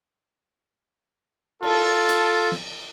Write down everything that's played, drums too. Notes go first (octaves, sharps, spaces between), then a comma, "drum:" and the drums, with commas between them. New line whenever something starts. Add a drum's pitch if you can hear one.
F4 A4, drum: cymbal
drum: hi-hat
drum: snare